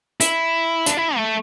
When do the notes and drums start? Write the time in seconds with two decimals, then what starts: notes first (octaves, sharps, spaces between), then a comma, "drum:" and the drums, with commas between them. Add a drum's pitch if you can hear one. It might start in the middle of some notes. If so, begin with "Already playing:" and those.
0.21 E4, drum: hi-hat
0.86 D4, drum: hi-hat
0.97 E4
1.16 A3